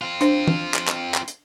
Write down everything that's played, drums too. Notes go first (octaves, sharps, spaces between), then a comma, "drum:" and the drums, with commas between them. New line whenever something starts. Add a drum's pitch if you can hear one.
C4 F4
D4 C5, drum: hi-hat
drum: tom
drum: clap
drum: clap
drum: clap
drum: hi-hat